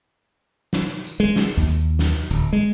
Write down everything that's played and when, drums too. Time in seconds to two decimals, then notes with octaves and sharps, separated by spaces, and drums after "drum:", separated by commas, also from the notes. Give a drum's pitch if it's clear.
0.73 drum: snare
1.04 drum: tambourine
1.20 G#3
1.36 drum: snare
1.57 D#2
1.68 drum: tambourine
1.99 drum: snare
2.31 D1, drum: tambourine
2.53 G#3